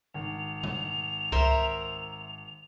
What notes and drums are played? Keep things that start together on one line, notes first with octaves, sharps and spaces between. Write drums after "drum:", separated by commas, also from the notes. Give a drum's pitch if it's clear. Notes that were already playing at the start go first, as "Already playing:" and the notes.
G#1 F7
drum: tom B2
A#4 C5 E5, drum: kick C#2